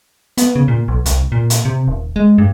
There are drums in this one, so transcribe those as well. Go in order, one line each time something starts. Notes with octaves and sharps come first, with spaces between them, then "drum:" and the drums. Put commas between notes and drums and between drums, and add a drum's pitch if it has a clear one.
B3, drum: hi-hat
C#3
A#2
B1
C2, drum: hi-hat
A#2
drum: hi-hat
C3
D#1
G#3
G2